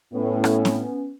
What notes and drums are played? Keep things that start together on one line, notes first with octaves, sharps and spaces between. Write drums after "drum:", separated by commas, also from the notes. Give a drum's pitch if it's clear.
A2 B3 C#4
drum: rim click
drum: snare C4